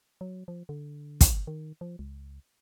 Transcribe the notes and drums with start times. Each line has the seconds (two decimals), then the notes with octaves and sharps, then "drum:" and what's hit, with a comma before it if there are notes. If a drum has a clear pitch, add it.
0.21 F#3
0.48 F3
0.69 D3
1.21 drum: kick, hi-hat
1.47 D#3
1.81 F3
1.99 C#2